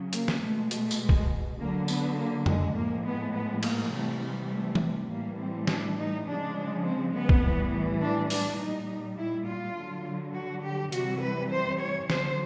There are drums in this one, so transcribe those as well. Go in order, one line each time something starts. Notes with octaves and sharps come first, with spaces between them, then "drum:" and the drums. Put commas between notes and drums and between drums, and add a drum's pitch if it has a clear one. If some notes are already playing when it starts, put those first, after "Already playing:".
Already playing: C#3 F#3
A#3, drum: hi-hat
drum: snare
B2 G#3 A3
A3, drum: hi-hat
drum: tambourine
G#3
drum: kick
D3 F#3 A#3
B3, drum: tambourine
A#3
G#3, drum: tom
A2 F3 G#3 A#3
B3
B3
A#3, drum: cymbal
C3 E3 G3 A3
G#3
A3
drum: tom E3
A2 E3 G3 A#3
C4
D4, drum: snare
D#4
C#3 F3 G#3 D4
C4
B3
drum: kick
A2 E3 G3
D4
D4, drum: open hi-hat
A#2 G3 D#4
E4
F4
D3 F#3
F#4
G4
C3 E3 G3 F#4, drum: hi-hat
B4
C5
C#5
D3 F#3 C5, drum: snare